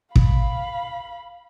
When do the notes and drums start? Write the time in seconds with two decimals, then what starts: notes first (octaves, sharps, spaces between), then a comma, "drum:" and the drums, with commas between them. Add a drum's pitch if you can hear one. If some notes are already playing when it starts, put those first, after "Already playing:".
0.16 F5 B5, drum: kick